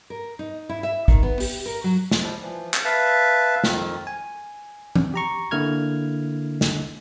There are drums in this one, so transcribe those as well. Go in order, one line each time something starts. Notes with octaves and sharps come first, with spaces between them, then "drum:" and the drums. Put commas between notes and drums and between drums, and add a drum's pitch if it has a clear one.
A#4
D#4
E4
E5
D#3, drum: kick
B3
G4, drum: open hi-hat
A#4
F#3
drum: snare
F3 G3
E3 F3
drum: clap
B4 E5 F5 A5
F2 D#3, drum: snare
G#5
drum: tom
G4 A#5 C#6
D3 A#3 E4 F6 G#6
drum: snare